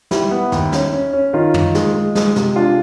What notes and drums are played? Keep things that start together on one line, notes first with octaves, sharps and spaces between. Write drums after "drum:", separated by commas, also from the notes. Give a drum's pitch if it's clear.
G3 E4, drum: snare
B3
D#2, drum: snare
C#4, drum: snare
C#4
C#4
D#3 F4
D#3, drum: tom
G#3, drum: snare
G#3
G#3, drum: snare
C3, drum: snare
D4 F4